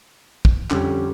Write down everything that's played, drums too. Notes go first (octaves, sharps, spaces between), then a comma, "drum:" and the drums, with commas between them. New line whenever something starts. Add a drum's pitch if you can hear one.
drum: kick
F2 D3 G3 C#4 G4, drum: clap